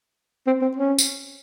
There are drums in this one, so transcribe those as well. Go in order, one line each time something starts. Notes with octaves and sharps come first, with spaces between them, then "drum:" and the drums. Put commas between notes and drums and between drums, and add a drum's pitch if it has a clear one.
C4
C4
C#4
drum: tambourine